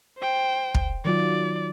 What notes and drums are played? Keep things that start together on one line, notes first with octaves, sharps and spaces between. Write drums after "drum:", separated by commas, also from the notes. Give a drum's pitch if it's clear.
C5 G5
drum: kick
D#3 F#3 F4 D5